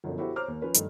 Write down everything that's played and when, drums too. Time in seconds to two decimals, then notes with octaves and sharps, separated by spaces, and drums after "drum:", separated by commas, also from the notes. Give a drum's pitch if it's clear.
0.04 G1 F#2 B2 D3 F3
0.18 E4 F#4 G4 A4 C5 E5
0.36 C5 C#5 A#5 D6 F6
0.48 D#2
0.61 F3 C#4 B4 C#5
0.74 G2 D#3 A3, drum: hi-hat